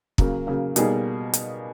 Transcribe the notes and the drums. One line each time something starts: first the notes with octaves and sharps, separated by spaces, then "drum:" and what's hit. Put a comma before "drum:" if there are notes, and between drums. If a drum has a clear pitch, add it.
C#3 F#3 A#3, drum: kick
C#3 F#3 A#3
B2 G3 A#3 D#4 G#4, drum: hi-hat
drum: hi-hat